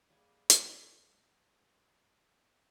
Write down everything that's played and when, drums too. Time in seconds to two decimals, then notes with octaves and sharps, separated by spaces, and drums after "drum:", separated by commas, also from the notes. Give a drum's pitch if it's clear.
0.10 G3 A#3 G#4
0.50 drum: hi-hat